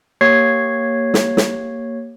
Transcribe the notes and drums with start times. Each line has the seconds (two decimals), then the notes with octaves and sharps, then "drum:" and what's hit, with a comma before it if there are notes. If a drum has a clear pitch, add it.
0.21 A#3 G4 C#5 C#6 G#6 C7
1.14 drum: snare
1.37 drum: snare